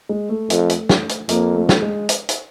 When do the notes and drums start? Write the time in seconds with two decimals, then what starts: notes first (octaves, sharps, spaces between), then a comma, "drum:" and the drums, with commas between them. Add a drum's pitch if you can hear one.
0.09 G#3
0.29 A3
0.50 F2, drum: hi-hat
0.70 drum: hi-hat
0.89 drum: snare
1.09 drum: hi-hat
1.29 F2 A#3, drum: hi-hat
1.55 A3
1.69 drum: snare
1.82 G#3
2.09 drum: hi-hat
2.29 drum: hi-hat